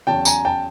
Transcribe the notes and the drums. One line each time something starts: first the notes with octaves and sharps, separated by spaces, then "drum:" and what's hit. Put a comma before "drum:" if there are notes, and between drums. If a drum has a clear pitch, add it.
E2 C#3 F#3 G5 A5
G#5 A#5, drum: tambourine
G5 A5